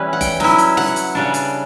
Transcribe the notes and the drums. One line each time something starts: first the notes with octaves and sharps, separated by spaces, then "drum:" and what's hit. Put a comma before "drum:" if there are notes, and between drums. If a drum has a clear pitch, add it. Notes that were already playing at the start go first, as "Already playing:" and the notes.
Already playing: E3 G3 C#4 E4 B4
F#5
G5, drum: kick F#1, hi-hat
F#3 C#4 E4, drum: snare
drum: hi-hat
F#5, drum: snare
drum: hi-hat
C#3 G3 D4
drum: hi-hat